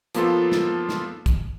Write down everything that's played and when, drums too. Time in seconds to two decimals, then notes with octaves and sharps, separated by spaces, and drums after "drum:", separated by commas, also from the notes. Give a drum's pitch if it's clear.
0.15 F3 A#3 B3 F4 A4, drum: hi-hat
0.52 drum: snare
0.89 drum: snare
1.26 drum: kick, hi-hat